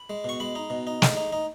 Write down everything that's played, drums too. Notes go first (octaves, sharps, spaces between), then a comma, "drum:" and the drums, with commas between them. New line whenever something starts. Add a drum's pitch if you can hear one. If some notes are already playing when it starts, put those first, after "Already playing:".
Already playing: B5
G#3
B2 C#6
G#3 B5
D#4
B2
D#4
G#3, drum: snare
D#4
D#4